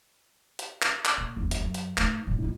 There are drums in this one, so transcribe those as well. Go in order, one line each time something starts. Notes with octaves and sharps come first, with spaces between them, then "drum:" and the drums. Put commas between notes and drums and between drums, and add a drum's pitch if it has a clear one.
drum: hi-hat
drum: clap
drum: clap
A#2
F#1 E2
drum: hi-hat
F#2
drum: hi-hat
G#2 A3, drum: clap
G2 A#2
G#3 F4